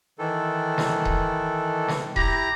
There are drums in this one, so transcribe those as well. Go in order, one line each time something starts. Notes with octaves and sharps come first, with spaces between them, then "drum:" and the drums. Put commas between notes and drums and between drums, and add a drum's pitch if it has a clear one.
D#3 E3 A4
drum: snare
drum: kick D#1
drum: snare
E4 G4 A#5, drum: kick D#1